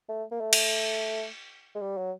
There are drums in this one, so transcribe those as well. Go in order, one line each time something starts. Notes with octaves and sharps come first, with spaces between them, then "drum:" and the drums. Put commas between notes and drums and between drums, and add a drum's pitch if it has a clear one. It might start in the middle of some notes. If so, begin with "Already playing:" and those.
A3
A#3
A3
drum: cymbal
G#3
G3
F#3